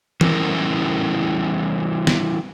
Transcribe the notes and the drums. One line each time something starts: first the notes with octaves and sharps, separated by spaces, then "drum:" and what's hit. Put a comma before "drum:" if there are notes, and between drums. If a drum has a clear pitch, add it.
E3 G3 C#4 E4 A#4, drum: tom E3
drum: snare